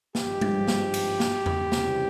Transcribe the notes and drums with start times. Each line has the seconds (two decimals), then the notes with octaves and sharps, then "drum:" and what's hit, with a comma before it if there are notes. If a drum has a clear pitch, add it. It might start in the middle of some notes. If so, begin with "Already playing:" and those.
0.15 G#1 G2 F3 G#3 G4, drum: snare
0.41 drum: tom G3
0.68 drum: snare
0.94 drum: cymbal
1.20 drum: snare
1.46 drum: tom E2
1.72 C#2 C3 E3 G3, drum: snare